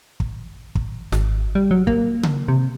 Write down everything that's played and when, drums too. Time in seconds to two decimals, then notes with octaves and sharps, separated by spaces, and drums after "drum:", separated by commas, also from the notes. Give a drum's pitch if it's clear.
0.20 drum: kick
0.75 drum: kick
1.12 G#1, drum: snare
1.55 G3
1.71 F#3
1.87 A#3, drum: kick
2.23 drum: tom C#3
2.48 C3